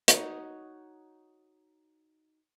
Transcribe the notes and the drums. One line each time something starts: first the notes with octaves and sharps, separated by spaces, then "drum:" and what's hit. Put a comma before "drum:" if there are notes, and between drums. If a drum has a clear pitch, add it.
D#4 F#4 C#5, drum: hi-hat